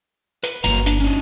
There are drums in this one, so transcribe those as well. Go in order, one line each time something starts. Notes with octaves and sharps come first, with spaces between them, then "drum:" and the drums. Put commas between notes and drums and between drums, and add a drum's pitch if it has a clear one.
B4, drum: hi-hat
G1 F#3 A#3 A#5, drum: hi-hat
D4, drum: hi-hat
C#4 D#4